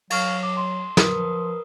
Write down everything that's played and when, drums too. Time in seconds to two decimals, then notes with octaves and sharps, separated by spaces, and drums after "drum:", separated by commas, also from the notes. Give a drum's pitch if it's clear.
0.10 F#3 F5 C#6 F6, drum: cymbal
0.43 D6
0.57 C6
0.97 A#4 B4 D#6, drum: snare
1.12 F3